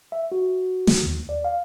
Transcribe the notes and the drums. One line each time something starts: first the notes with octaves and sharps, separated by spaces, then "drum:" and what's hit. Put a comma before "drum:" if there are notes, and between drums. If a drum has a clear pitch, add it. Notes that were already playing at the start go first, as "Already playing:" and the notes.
E5
F#4
drum: snare
D#2
D5
F5